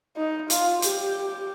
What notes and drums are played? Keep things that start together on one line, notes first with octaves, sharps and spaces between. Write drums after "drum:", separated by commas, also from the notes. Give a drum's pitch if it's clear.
D#4
F4, drum: hi-hat
G4, drum: hi-hat